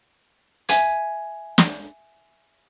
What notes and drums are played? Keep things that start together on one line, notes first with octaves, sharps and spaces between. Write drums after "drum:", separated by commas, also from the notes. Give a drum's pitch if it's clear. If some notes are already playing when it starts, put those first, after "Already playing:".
E5 G#5 G#6, drum: hi-hat
drum: snare